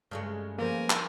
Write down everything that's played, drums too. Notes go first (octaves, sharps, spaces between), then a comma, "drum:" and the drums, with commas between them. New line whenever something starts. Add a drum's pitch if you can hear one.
G2 C#3 G#3 A3 G6
F3 A#3 B3 G4 A#4 C5 G#5
drum: clap